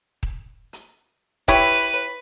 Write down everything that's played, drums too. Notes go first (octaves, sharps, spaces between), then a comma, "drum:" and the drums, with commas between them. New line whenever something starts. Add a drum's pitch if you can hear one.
drum: kick D#1
drum: hi-hat
E4 G4 B4 C#5, drum: kick D#1